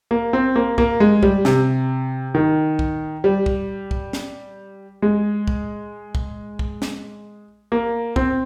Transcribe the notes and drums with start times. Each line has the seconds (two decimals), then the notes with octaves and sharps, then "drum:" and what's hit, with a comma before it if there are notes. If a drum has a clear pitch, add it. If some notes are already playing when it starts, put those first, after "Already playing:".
0.11 A#3
0.33 C4
0.56 A#3
0.78 A#3, drum: kick C2
1.00 G#3
1.23 G3, drum: kick C2
1.45 C3, drum: snare
2.35 D#3
2.79 drum: kick C2
3.24 G3
3.46 drum: kick C2
3.91 drum: kick C2
4.13 drum: snare
5.02 G#3
5.48 drum: kick C2
6.15 drum: kick C2
6.59 drum: kick C2
6.82 drum: snare
7.72 A#3
8.16 C4, drum: kick C2